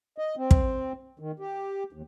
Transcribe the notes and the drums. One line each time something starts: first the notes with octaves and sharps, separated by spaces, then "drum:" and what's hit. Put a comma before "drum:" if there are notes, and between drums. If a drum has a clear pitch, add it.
D#5
C4
drum: kick
D#3
G4
D#2